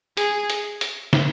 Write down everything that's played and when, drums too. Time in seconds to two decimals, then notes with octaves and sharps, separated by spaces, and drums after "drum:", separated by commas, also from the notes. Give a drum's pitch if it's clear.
0.17 G#4, drum: hi-hat
0.50 drum: hi-hat
0.81 drum: hi-hat
1.13 drum: snare